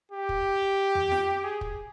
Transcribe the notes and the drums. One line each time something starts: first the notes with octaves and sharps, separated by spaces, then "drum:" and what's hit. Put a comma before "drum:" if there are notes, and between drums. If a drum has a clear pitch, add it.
G4
drum: kick
drum: tom F2
drum: snare F4
G#4
drum: kick